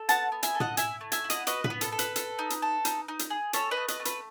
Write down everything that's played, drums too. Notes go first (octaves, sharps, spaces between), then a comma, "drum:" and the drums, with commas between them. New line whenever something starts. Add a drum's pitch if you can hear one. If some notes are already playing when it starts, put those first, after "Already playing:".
Already playing: A4
B3 F#5 A5, drum: hi-hat
B3
E5 G#5, drum: hi-hat
A4
D#5 F#5, drum: tom
E4 E5 G#5, drum: hi-hat
A3
E5 G#5, drum: hi-hat
E4
D#5 F#5, drum: hi-hat
F#4 B4 D#5, drum: hi-hat
B4, drum: tom
B3
A4, drum: hi-hat
A4
B4, drum: hi-hat
A4, drum: hi-hat
D#4
drum: hi-hat
A4
D#4, drum: hi-hat
D#4
drum: hi-hat
G#4
C#4 A4 C#5, drum: hi-hat
B4 D#5
A3
B4 D#5, drum: hi-hat
A3
B4, drum: hi-hat